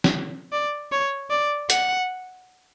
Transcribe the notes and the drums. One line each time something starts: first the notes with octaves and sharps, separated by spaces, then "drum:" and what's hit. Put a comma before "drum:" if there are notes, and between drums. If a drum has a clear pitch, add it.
drum: snare
D5
C#5
D5
F#5, drum: hi-hat